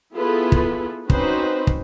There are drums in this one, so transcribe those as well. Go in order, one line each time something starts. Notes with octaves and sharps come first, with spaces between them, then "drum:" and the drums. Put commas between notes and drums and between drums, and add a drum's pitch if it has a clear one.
B3 E4 F4 G#4 A4 B4
drum: kick
C4 C#4 D#4 F#4 B4 C5, drum: kick
drum: kick